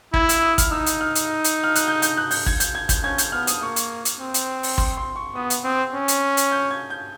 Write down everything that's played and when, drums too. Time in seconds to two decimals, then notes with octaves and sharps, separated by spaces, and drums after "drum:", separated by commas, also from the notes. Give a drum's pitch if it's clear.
0.14 E4 G#6, drum: kick
0.29 E6, drum: hi-hat
0.43 D#6
0.58 F6, drum: kick, hi-hat
0.72 D#4 E6
0.86 drum: hi-hat
1.01 F6
1.15 drum: hi-hat
1.44 drum: hi-hat
1.64 F6
1.75 F#6, drum: hi-hat
1.88 G6
2.02 G6, drum: hi-hat
2.17 F#6
2.31 G6, drum: open hi-hat
2.46 G#6, drum: kick
2.60 G6, drum: hi-hat
2.75 G#6
2.89 G6, drum: kick, hi-hat
3.03 C#4 G#6
3.18 G6, drum: hi-hat
3.32 B3 F6
3.47 D#6, drum: hi-hat
3.61 A#3 C#6
3.76 drum: hi-hat
4.05 drum: hi-hat
4.20 C4
4.34 drum: hi-hat
4.63 drum: open hi-hat
4.78 C6, drum: kick
4.97 C6
5.16 C#6
5.35 B3 D#6
5.50 drum: hi-hat
5.64 C4 D#6
5.94 C#4
6.08 drum: hi-hat
6.37 drum: hi-hat
6.52 G6
6.71 G#6
6.90 G6